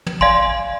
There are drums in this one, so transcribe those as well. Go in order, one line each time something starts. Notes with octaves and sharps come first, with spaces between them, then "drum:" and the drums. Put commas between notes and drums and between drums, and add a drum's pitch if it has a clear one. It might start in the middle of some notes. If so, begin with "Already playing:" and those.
drum: tom
D5 F5 G#5 C6, drum: kick